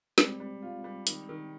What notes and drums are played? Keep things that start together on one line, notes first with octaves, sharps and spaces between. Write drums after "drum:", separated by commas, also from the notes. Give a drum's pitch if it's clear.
G3 G#3 C4, drum: snare
G3
F4
G3
D#3, drum: hi-hat
D#3